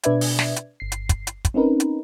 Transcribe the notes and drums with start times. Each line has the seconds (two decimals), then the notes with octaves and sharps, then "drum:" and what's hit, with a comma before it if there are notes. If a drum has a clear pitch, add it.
0.03 B2 D4 B4 D5 E5 G#6, drum: hi-hat
0.21 drum: open hi-hat
0.39 drum: snare
0.56 drum: hi-hat
0.80 G1 C7
0.92 drum: hi-hat
1.09 drum: kick, hi-hat
1.27 drum: hi-hat
1.45 drum: kick, hi-hat
1.54 C4 C#4 D#4 A#4 B4
1.80 drum: hi-hat